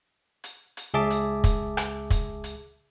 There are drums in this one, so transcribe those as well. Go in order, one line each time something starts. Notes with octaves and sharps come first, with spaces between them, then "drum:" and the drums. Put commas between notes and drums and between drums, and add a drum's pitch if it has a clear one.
drum: hi-hat
drum: hi-hat
C#2 G#4 E5 A5 D6
drum: hi-hat
drum: kick, hi-hat
drum: rim click
drum: kick, hi-hat
drum: hi-hat